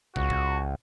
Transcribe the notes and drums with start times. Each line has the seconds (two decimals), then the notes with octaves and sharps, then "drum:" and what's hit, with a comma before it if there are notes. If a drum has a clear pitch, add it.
0.16 C#2 F#4, drum: kick
0.30 drum: kick